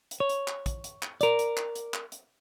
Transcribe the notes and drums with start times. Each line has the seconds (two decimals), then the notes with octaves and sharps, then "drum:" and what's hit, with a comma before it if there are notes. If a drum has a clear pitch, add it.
0.11 drum: hi-hat
0.20 C#5
0.29 drum: hi-hat
0.48 drum: clap
0.66 drum: kick, hi-hat
0.84 drum: hi-hat
1.02 drum: clap
1.21 A#4 D5, drum: hi-hat
1.39 drum: hi-hat
1.57 drum: clap
1.75 drum: hi-hat
1.94 drum: clap
2.12 drum: hi-hat